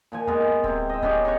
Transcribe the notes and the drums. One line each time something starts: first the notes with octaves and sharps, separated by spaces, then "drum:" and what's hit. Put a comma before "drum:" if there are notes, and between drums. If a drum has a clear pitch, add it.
A#2 F3 G#5
G#3 B3 A#4, drum: tom D#2
C3 C4, drum: kick D1
D#5 E5
B3 C#4 D4 G4, drum: kick D1
D#4 C#5 F#5 C#6